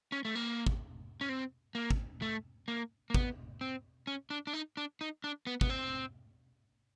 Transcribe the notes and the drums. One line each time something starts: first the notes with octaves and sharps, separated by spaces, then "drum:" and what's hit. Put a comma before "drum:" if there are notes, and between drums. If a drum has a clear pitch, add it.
C#4
A3
A#3
drum: kick
C#4
C4
A#3
drum: kick
A3
A#3
A#3
B3, drum: kick
C4
C#4
D4
D4
D#4
D4
D#4
D4
B3
B3, drum: kick
C4